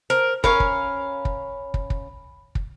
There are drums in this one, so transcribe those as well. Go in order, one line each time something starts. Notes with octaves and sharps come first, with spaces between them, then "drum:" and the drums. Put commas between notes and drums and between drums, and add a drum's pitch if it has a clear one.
A#4 C5
C#4 A#4 C#5 F5 B5, drum: kick
drum: kick
drum: kick
drum: kick
drum: kick
drum: kick